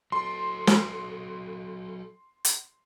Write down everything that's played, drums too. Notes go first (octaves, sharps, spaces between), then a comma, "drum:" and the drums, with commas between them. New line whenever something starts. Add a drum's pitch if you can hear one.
F#3 A4 C6
drum: snare
drum: hi-hat